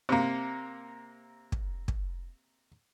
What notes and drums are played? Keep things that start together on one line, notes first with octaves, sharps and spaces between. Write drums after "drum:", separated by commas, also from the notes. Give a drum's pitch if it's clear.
C3 A#3
drum: kick
drum: kick